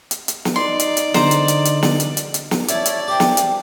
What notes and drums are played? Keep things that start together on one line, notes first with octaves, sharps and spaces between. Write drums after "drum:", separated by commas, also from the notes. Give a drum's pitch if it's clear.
drum: hi-hat
drum: hi-hat
drum: snare
D#4 D5 C6
drum: hi-hat
drum: hi-hat
D3 C5 A#5, drum: snare
drum: hi-hat
drum: hi-hat
drum: hi-hat
drum: snare
drum: hi-hat
drum: hi-hat
drum: hi-hat
drum: snare
C#4 E4 D5 E5 A5, drum: hi-hat
drum: hi-hat
G4 C5 G5
drum: snare
drum: hi-hat